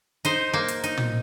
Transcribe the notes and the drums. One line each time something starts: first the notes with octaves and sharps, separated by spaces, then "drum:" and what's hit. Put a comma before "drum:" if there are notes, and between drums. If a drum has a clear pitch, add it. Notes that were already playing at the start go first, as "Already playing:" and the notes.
D#4 C5, drum: hi-hat
A#3
drum: hi-hat
D#4, drum: hi-hat
drum: tom